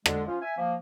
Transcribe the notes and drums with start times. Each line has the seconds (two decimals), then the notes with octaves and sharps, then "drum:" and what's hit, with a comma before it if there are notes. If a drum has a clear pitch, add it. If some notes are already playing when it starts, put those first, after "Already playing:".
0.06 D3 G#3, drum: rim click
0.27 F3 C#4 F4
0.42 E5 G#5
0.57 F3 A#3